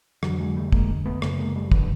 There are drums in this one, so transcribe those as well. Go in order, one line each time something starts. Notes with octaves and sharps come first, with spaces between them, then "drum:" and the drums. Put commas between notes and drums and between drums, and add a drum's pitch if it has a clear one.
F2 D3 E3 F#3, drum: rim click
F#3 G#3
G3 A3
G#3 A#3, drum: kick
A3 B3
F#2 C#3 A3 B3, drum: rim click
G#3 A#3
G3 A3
D3 E3, drum: kick